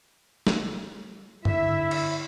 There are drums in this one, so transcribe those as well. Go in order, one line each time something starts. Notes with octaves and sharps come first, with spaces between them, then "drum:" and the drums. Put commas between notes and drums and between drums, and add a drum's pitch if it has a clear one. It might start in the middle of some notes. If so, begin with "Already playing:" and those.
drum: snare
D3 E4 E5, drum: tom
drum: cymbal